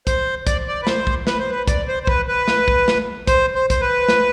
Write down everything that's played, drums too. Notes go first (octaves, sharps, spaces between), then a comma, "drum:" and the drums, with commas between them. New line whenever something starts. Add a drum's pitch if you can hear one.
C5, drum: kick, hi-hat
D5, drum: kick, hi-hat
D5
B4
C5, drum: snare
drum: kick
B4, drum: snare
C5
B4
D5, drum: kick, hi-hat
C5
C5
B4, drum: kick
B4
drum: snare
drum: kick
drum: snare
C5, drum: kick, hi-hat
C5
C5, drum: kick, hi-hat
B4
drum: snare